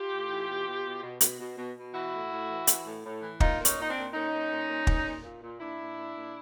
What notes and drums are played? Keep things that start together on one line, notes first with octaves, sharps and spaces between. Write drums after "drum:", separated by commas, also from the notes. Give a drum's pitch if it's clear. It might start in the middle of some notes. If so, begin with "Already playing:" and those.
Already playing: F4 G4
A2
E3
B2
B2
B2
B2
B2, drum: hi-hat
B2
B2
B2
E3 E4 F#4
A2
A2
E3
E3, drum: hi-hat
A2
A2
E3
A#2 D#4 F4, drum: kick
A#2
C#4 D#4, drum: hi-hat
A#2
D#4
C4 D4
A#2
A#2 C#4 D#4
A#2
A#2
A#2
A#2, drum: kick
A#2
A#2
A#2
A#2 D4 E4
A#2
A#2
A#2